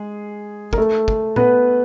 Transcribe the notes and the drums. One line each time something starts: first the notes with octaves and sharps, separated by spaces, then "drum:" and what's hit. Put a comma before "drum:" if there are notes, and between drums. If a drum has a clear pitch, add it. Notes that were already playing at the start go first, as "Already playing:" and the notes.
Already playing: G#3 G#4
A#4, drum: kick
A3 A4
drum: kick
B3 B4, drum: tom